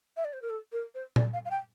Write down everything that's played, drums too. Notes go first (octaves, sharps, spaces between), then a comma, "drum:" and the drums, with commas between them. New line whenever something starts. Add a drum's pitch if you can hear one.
E5
D5
C5
A#4
A4
A#4
C5
D5, drum: tom A#2
F5
F5
G5